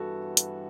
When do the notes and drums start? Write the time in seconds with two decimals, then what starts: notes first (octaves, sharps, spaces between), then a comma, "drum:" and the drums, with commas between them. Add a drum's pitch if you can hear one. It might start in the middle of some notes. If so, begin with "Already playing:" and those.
Already playing: G2 E3 B3 F#4 A4
0.37 drum: hi-hat